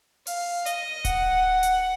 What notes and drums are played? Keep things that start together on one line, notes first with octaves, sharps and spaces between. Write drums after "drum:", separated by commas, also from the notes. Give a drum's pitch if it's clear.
F5, drum: open hi-hat
D#5, drum: hi-hat
F#5, drum: kick D1, hi-hat
drum: hi-hat